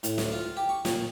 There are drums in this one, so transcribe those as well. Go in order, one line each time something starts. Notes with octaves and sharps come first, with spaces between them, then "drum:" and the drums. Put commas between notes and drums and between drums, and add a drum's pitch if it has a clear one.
A2, drum: hi-hat
D2, drum: snare
F4
G4
C#6
A#2, drum: snare